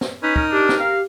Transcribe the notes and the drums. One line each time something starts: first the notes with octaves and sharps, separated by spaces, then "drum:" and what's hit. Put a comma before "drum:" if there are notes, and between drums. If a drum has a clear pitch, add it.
drum: snare
C#4 D#4 B4
A#4, drum: kick
D4 G4
drum: snare
F5